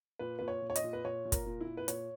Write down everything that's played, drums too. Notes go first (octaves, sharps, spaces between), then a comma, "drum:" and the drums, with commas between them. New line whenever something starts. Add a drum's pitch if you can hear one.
A#2 B4
A#2 B4
C#5
A#2
C#5
D#5, drum: hi-hat
A#2
B4
A#2 C#5
A#2
A#4, drum: kick, hi-hat
A#2
E4
A#2
B4
A#2 C#5, drum: hi-hat